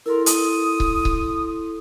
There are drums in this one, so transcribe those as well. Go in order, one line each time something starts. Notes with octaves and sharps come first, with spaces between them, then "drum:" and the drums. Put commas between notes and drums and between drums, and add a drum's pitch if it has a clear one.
E4 A4 A#4 C6
D#6, drum: hi-hat
drum: kick C#1
drum: kick C#1